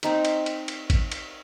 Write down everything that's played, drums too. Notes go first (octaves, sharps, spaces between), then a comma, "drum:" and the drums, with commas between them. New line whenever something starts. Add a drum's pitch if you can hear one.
C4 D#4 C5, drum: cymbal
drum: cymbal
drum: cymbal
drum: cymbal
drum: kick A1, cymbal
drum: cymbal